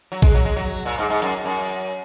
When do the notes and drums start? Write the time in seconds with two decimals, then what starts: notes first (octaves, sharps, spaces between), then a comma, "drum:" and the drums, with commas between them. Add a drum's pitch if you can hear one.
0.12 F#3
0.22 G#3, drum: kick A1
0.35 F#3
0.45 G#3
0.56 F#3
0.85 A#2
0.98 G#2
1.10 G#2
1.22 F#2, drum: hi-hat
1.45 F#2